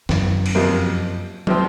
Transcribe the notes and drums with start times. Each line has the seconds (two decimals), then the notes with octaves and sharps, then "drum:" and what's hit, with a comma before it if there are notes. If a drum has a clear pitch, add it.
0.09 F#2, drum: snare
0.46 drum: cymbal
0.55 F2 C3 F#3 A#3
1.47 C3 F3 C4, drum: tom